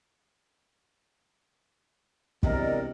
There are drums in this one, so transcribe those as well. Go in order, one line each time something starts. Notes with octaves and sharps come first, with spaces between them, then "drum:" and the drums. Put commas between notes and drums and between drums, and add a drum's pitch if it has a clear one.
E1 C3 A#4 D5 D#5, drum: kick